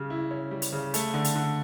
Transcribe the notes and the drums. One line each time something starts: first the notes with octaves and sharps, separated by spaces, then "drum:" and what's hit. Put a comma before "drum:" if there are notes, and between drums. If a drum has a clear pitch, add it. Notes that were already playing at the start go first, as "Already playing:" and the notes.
Already playing: C#3 G3
E4
C#4
G3
drum: hi-hat
C#3
A3, drum: hi-hat
D3
drum: hi-hat
D3